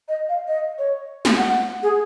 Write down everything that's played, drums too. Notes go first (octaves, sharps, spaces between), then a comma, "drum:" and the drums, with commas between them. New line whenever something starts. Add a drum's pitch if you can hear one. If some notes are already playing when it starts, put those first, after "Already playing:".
D#5
F5
D#5
C#5
drum: snare
F#5
G#4